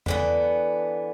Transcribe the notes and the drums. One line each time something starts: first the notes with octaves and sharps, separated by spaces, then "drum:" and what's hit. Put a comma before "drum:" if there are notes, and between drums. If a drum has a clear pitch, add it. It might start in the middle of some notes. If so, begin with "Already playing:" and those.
D3 E3 B3, drum: tom E2